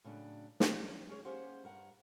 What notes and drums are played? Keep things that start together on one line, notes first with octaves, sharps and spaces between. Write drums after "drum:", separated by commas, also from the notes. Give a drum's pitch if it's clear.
A2 C#3 F#3 D4
C#4 D4 A#4, drum: snare
C#4 D#4 F#4 G#4 A#4 C#5
A#3 C#4 G4 G#4 C5 F#5
G2 A#4 F#5